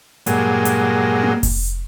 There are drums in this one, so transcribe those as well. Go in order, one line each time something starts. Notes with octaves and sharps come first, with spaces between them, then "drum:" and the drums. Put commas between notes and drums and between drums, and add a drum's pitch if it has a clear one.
G2 A#2 F#3 G#3, drum: hi-hat
drum: hi-hat
drum: tom A#3
drum: kick F1, open hi-hat